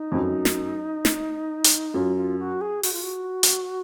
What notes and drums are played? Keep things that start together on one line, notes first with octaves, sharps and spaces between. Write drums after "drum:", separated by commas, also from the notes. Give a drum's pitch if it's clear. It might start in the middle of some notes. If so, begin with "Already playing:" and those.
Already playing: D#4
F2
F#2
drum: snare
drum: snare
drum: hi-hat
F#2 F4
F4
F#4
G#4
F#4, drum: open hi-hat
F4
F#4
drum: hi-hat